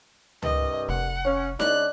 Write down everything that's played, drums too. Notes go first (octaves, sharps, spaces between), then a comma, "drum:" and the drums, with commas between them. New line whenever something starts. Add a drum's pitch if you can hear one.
C2 G2 D#5, drum: tom C#2
F1 F#5
C#4
C#3 G#3 D4 F#6, drum: snare D#4